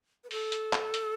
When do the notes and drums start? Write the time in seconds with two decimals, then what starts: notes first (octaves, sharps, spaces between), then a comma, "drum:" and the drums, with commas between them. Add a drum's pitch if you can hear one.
0.24 B4
0.31 A4, drum: open hi-hat
0.52 drum: hi-hat
0.73 drum: clap
0.94 drum: hi-hat